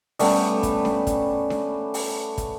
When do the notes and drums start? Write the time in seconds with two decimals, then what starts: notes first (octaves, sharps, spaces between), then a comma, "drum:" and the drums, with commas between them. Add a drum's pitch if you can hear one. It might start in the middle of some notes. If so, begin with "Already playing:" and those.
0.19 G3 A3 B3 C#4, drum: open hi-hat
0.63 drum: kick, hi-hat
0.85 drum: snare D4
1.07 drum: kick, hi-hat
1.50 drum: snare D4
1.94 drum: open hi-hat
2.38 drum: kick, hi-hat